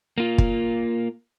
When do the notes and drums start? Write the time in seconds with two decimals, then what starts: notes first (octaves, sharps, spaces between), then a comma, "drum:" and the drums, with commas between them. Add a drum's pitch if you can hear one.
0.18 A#3 F4
0.38 drum: kick